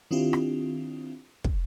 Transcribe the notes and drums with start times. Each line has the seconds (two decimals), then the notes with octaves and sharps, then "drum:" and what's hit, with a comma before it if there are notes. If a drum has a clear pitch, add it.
0.11 D#3 C4 D4 E4 F4 G4
0.33 drum: rim click
1.44 drum: kick